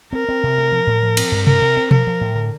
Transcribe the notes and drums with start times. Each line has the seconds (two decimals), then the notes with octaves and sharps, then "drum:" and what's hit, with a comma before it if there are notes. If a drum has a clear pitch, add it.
0.13 C4 A#4
0.29 C4
0.43 C3
0.58 A3
0.72 F3
0.87 A2
1.03 F3
1.17 C4, drum: cymbal
1.32 G2
1.47 C3 A#4, drum: tom C3
1.62 C3
1.77 C4
1.91 F3 A#4, drum: tom B2
2.07 F3
2.21 A2
2.36 D3